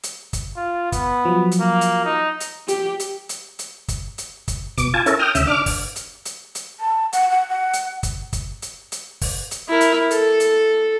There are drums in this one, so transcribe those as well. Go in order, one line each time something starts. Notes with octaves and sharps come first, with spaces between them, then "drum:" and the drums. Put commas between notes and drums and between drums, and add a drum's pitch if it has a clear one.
drum: hi-hat
drum: kick, hi-hat
F4
B3, drum: kick, hi-hat
F3 F#3
drum: hi-hat
A#3
drum: hi-hat
D#4
drum: hi-hat
G4, drum: hi-hat
drum: hi-hat
drum: hi-hat
drum: hi-hat
drum: kick, hi-hat
drum: hi-hat
drum: kick, hi-hat
B2 D6, drum: kick, hi-hat
F4 G#5 A5
C#4 E4 A4 A#4, drum: hi-hat
G5 D#6 F6
D2 C#3 E5, drum: hi-hat
D4 D6 F6
drum: kick, open hi-hat
drum: hi-hat
drum: hi-hat
drum: hi-hat
A5
F#5, drum: hi-hat
F#5
F#5
drum: hi-hat
drum: kick, hi-hat
drum: kick, hi-hat
drum: hi-hat
drum: hi-hat
drum: kick, open hi-hat
drum: hi-hat
E4 A#4
drum: hi-hat
A4, drum: hi-hat
drum: hi-hat